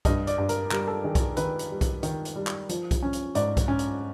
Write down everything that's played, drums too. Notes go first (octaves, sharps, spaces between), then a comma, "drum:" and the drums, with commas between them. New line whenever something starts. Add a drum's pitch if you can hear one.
G2 D#5, drum: kick B1, hi-hat
D5, drum: hi-hat
G2
A#4, drum: hi-hat
G3 A#4, drum: clap
A4
D#3 G#4
drum: kick B1, hi-hat
D#3 B4, drum: hi-hat
drum: hi-hat
G3
drum: kick B1, hi-hat
D#3, drum: hi-hat
drum: hi-hat
G3
drum: clap
F3, drum: hi-hat
drum: kick B1, hi-hat
C#4
drum: hi-hat
G#2 D5, drum: hi-hat
drum: kick B1, hi-hat
C#4
drum: hi-hat